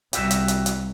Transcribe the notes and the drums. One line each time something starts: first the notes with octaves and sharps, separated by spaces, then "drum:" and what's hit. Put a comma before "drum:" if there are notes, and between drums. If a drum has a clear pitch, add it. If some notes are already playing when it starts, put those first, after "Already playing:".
C2 F#4 G4 E5, drum: hi-hat
drum: hi-hat
drum: hi-hat
drum: hi-hat